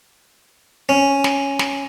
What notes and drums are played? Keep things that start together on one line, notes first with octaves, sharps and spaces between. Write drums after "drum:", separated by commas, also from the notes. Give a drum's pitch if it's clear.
C#4
drum: snare
drum: snare